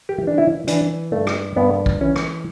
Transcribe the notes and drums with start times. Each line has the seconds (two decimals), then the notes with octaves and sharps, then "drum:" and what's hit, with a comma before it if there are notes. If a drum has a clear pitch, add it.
0.09 G4
0.23 E3 D4
0.38 E4
0.67 E3 D4, drum: hi-hat
1.12 G2 A3
1.27 drum: rim click
1.56 G2 B3
1.86 drum: kick
2.01 E3 C#4
2.16 drum: rim click